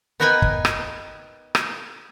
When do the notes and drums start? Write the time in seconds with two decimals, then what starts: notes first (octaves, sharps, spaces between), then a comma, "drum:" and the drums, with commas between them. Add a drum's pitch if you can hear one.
0.20 B3 D#4 A#4 B4 G5 G#5
0.42 drum: kick
0.65 drum: rim click
1.55 drum: rim click